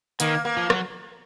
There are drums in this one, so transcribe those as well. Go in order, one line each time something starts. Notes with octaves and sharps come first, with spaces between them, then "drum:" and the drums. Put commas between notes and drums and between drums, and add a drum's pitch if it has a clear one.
D#3 A#3, drum: hi-hat
A#3
F3
F#3, drum: rim click